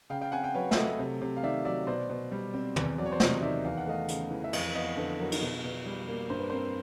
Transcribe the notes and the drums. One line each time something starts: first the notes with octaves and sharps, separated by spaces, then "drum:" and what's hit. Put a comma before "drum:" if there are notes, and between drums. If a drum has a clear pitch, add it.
C#3 F5 G5
F5 G5
C4 F#5 G#5
F5 G5
F#3 B4 C#5
E5, drum: snare
A3 C#5 D#5
C3
C3
F5
D#3 D5 E5
F#3 D5 E5
B2 C5 D5
B2
G3
C4
E2, drum: tom
F#3 D5
C#5
C5 D5
C3 C#5 D#5, drum: snare
D#3 D5 E5
E2 F5
F#5
A3 D#5 F5
C#3, drum: hi-hat
E3
E5
F2 D#5 F5, drum: cymbal
B3 D#5 F5
D3 A4 B4
F#3 A#4
drum: cymbal
B2
B2
G3
A#3
G2 C5
B4
A#4 C5
C4